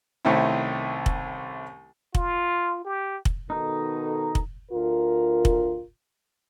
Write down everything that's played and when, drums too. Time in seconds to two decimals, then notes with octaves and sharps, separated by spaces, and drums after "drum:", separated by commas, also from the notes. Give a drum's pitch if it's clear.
0.25 C2 D#3 A3 C4 C#4 E4
1.06 drum: kick
2.15 F4, drum: kick
2.85 G4
3.25 drum: kick
3.50 B2 D#3 D#4 A4
4.35 drum: kick
4.72 D2 F4 A#4
5.45 drum: kick